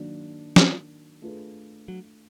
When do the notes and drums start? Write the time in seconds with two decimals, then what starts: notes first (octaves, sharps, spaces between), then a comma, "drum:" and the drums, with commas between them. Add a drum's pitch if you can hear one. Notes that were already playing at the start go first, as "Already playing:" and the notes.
Already playing: D#3 F#3 A#3 D4
0.56 F3, drum: snare
1.22 A3 D4 F4 G#4 B4
1.88 F#3